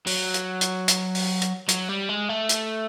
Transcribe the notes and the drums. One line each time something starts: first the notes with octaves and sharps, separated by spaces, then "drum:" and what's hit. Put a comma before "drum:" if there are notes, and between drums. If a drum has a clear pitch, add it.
F#3, drum: open hi-hat
drum: hi-hat
drum: hi-hat
drum: hi-hat
drum: open hi-hat
drum: hi-hat
F#3, drum: hi-hat
G3
G#3
A3
drum: hi-hat